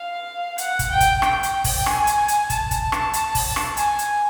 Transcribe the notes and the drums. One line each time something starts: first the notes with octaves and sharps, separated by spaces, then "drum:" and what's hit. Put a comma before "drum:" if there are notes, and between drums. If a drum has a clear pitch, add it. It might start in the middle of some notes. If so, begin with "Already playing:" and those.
Already playing: F5
F#5, drum: hi-hat
drum: kick, hi-hat
G5
drum: kick, hi-hat
G5, drum: rim click
drum: hi-hat
drum: kick, open hi-hat
G#5, drum: rim click
drum: hi-hat
drum: hi-hat
A5, drum: kick, hi-hat
drum: kick, hi-hat
drum: rim click
drum: hi-hat
drum: kick, open hi-hat
drum: rim click
G#5, drum: hi-hat
drum: hi-hat